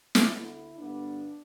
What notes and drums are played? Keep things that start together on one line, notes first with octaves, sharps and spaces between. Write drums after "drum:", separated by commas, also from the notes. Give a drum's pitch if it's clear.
drum: snare
D2 D3 B3 E4
G2 D3 B3 D4